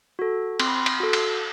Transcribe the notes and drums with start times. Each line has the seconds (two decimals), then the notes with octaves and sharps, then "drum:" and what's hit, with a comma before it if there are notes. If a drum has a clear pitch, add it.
0.19 F#4 A4
0.60 C4 C6, drum: cymbal
0.68 B5
0.77 C6
0.86 drum: cymbal
1.00 F#4 A4
1.13 drum: cymbal